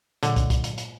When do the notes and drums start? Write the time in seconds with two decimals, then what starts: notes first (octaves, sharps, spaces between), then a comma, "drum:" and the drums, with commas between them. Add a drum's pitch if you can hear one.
0.23 A#2 D3 F#3 G#3, drum: hi-hat
0.36 drum: kick, hi-hat
0.50 drum: kick, hi-hat
0.64 drum: hi-hat
0.78 drum: hi-hat